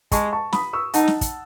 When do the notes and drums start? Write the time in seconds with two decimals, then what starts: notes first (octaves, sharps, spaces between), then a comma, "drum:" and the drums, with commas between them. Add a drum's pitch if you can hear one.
0.12 G#3 A5 C#6, drum: kick, hi-hat
0.33 A5 C#6
0.53 B5 D#6, drum: snare
0.73 C#6 E6
0.94 D#4 F#5 A5, drum: hi-hat
1.08 drum: snare
1.21 drum: kick, hi-hat